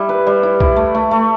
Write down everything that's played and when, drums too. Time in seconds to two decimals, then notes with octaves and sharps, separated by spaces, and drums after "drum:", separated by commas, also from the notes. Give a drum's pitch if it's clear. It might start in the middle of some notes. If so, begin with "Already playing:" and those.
Already playing: G3 E4
0.09 B4
0.27 G3
0.43 E4
0.60 E4, drum: kick B1
0.76 A3
0.95 A3
1.11 A3